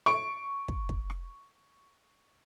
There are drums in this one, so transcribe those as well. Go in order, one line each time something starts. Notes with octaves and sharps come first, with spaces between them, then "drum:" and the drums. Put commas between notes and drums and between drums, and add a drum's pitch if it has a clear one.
C#6 D7
drum: kick
drum: kick
drum: rim click